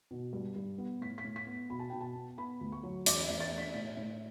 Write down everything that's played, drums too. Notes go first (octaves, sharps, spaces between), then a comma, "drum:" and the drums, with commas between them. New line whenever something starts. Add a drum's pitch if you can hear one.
B2
G2
G2
B3
A2 B6
B6
A2
B6
B3
B2 B5
A5
B2 G5
A5
B3
B3 B5
D2
C#6
F#3
E2 D6, drum: hi-hat
E2
A6
A3
B6
A2
A2